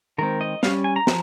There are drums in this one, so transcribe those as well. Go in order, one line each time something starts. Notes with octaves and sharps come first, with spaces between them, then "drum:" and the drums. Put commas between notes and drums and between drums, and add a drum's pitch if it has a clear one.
D#3 G#3 C4 A#4
D#5
G3 C#4 F5, drum: snare
G#5
A#5
F3, drum: snare